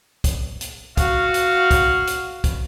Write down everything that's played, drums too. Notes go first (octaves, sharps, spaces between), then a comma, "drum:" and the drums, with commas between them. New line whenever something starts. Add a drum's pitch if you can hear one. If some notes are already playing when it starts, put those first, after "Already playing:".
drum: kick, hi-hat
drum: hi-hat
F#4 F5, drum: kick, hi-hat
drum: hi-hat
drum: kick, hi-hat
drum: hi-hat
drum: kick, hi-hat